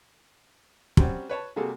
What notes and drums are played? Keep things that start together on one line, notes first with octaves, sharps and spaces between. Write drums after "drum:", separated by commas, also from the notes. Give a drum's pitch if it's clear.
F#3 G3 C4 C#4 F#4, drum: kick
B4 C#5 A5
C3 G3 A#3 F#4 G#4 A4